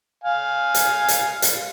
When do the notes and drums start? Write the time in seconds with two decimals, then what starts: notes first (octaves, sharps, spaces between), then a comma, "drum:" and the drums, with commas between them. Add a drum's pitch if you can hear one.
0.24 F5 G#5
0.74 drum: hi-hat
1.08 drum: hi-hat
1.42 drum: hi-hat